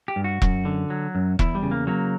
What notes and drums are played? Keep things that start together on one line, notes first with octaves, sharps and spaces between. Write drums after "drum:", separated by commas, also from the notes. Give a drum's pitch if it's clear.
G4
G2
F#4
F#2, drum: kick E1
D3
F#3
F#2
E2 E4, drum: kick E1
G3
C#3
A#3
F#3 A#3